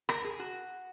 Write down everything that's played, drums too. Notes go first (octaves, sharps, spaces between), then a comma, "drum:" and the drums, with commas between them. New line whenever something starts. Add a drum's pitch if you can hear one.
A#4, drum: rim click
G#4
F#4